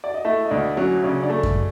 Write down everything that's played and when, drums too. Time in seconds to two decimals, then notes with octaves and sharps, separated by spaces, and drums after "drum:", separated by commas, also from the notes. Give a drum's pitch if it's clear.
0.04 D5
0.14 D#5
0.25 A3 E4 E5
0.45 D#5
0.50 D2 D4 D5
0.77 F#3 C#4 C#5
1.03 C#3 D4 D5
1.23 D4 D5
1.30 A3
1.43 drum: kick F#2